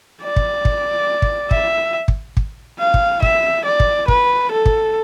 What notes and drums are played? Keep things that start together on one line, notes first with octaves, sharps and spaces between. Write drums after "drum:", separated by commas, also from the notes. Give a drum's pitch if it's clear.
D5
drum: kick
drum: kick
drum: kick
E5, drum: kick
drum: kick
drum: kick
F5
drum: kick
E5, drum: kick
D5
drum: kick
B4, drum: kick
A4
drum: kick